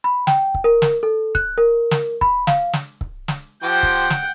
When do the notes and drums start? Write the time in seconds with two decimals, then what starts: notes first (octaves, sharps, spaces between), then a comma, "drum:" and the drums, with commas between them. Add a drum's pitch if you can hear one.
0.04 B5
0.27 G5, drum: snare
0.54 drum: kick C#1
0.64 A#4
0.82 drum: snare
1.03 A4
1.35 F#6, drum: kick C#1
1.58 A#4
1.91 drum: snare
2.21 B5, drum: kick C#1
2.47 F5, drum: snare
2.73 drum: snare
3.01 drum: kick C#1
3.28 drum: snare
3.63 F3 G4 C5 F#5 G5
3.83 drum: kick C#1
4.10 drum: snare